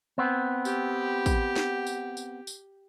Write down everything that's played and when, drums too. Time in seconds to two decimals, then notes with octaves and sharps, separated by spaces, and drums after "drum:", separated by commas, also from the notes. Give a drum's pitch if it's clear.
0.18 B3 C4
0.65 G4, drum: tambourine
1.26 drum: kick, tambourine
1.56 drum: snare
1.87 drum: tambourine
2.17 drum: tambourine
2.47 drum: tambourine